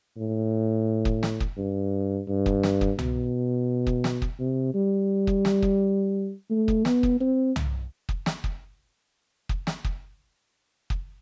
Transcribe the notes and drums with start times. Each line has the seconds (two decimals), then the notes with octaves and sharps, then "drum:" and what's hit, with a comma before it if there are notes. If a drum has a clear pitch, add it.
0.17 A2
1.05 drum: kick
1.23 drum: snare
1.40 drum: kick
1.58 G2
2.28 G2
2.46 drum: kick
2.63 drum: snare
2.81 drum: kick
2.99 B2, drum: tom C2
3.87 drum: kick
4.04 drum: snare
4.22 drum: kick
4.39 C3
4.74 G3
5.27 drum: kick
5.45 drum: snare
5.62 drum: kick
6.50 A3
6.68 drum: kick
6.85 B3, drum: snare
7.03 drum: kick
7.21 C4
7.56 drum: tom C2
8.09 drum: kick
8.26 drum: snare
8.44 drum: kick
9.49 drum: kick
9.67 drum: snare
9.84 drum: kick
10.90 drum: kick